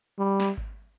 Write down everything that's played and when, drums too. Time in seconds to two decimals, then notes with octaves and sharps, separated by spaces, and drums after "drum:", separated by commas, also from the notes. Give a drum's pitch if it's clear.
0.19 G3
0.40 drum: snare
0.57 drum: kick G#1